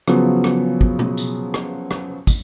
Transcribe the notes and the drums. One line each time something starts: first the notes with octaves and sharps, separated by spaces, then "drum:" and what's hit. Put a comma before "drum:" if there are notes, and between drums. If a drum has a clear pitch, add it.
C#3 F3 F#3 B3, drum: rim click
drum: rim click
drum: kick
drum: tom B2
drum: tambourine
drum: rim click
drum: rim click
drum: kick, tambourine